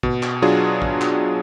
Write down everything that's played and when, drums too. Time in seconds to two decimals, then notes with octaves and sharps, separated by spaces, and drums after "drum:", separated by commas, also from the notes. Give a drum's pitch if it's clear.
0.03 B2, drum: kick
0.23 drum: clap
0.42 F#3 D4 F4 G#4
0.82 drum: kick
1.01 drum: clap